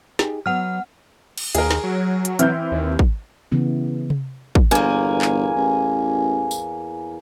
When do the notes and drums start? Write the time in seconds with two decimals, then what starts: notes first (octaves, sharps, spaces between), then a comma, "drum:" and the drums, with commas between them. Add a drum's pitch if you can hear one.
0.19 D#4 G4 G#4, drum: snare
0.46 F#3 B3 F#5 F6
1.38 drum: cymbal
1.55 D#2 G#4 A#4, drum: hi-hat
1.71 drum: snare
1.83 F#3
2.25 drum: hi-hat
2.39 E3 C4 E4 F6 G6, drum: hi-hat
2.72 D#2
2.99 drum: kick
3.52 C#3 E3 B3 E4
4.10 drum: tom C3
4.55 drum: kick
4.71 G1 E2 A#3 G#5
5.22 drum: clap
5.57 A1
6.51 drum: tambourine